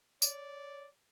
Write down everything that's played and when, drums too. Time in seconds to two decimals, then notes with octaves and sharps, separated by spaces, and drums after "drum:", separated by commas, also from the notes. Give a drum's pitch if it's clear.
0.22 C#5 D5, drum: tambourine